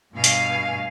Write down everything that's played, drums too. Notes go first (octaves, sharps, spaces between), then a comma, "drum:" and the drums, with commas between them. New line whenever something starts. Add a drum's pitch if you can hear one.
G2 B2 F5 G#5
drum: hi-hat